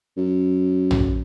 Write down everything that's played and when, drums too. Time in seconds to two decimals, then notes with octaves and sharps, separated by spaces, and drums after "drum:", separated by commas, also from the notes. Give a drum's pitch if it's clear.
0.17 F#2
0.91 drum: tom